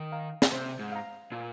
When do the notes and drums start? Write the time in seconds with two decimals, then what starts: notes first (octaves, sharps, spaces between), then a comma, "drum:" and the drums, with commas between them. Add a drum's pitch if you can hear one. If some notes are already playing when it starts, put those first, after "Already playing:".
Already playing: D#3
0.12 F5 A#5
0.42 drum: snare
0.52 C3 C5
0.79 G#2
0.92 F5 A#5
1.32 A#2 F4